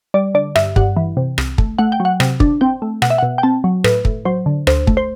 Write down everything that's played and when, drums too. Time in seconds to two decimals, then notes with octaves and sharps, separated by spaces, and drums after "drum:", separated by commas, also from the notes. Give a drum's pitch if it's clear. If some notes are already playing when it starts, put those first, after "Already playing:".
0.14 G3 D5
0.35 D3 D5
0.56 G2 E5, drum: rim click
0.76 G2 F#5, drum: kick
0.97 E3
1.17 C3
1.38 C2, drum: rim click
1.58 A3, drum: kick
1.79 A3 F#5
1.92 G5
2.00 F#3
2.05 F#5
2.20 C3, drum: rim click
2.40 D4, drum: kick
2.61 C4 G5
2.82 A3
3.02 B2 F#5, drum: rim click
3.10 E5
3.18 B2 F#5
3.38 G5
3.43 C4 A5
3.64 F#3
3.84 A2 B4, drum: rim click
4.05 A2, drum: kick
4.25 F#3 C5
4.46 D3
4.67 D2 C5, drum: rim click
4.87 A3, drum: kick
4.97 C5